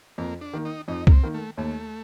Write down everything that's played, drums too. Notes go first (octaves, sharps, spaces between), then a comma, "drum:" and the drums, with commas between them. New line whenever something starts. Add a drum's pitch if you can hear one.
F2 A#3
D4
D#3 A#3
D#4
F2 D#4
A#3, drum: kick C2
C4
D#3 A#3
A3
D#2 A3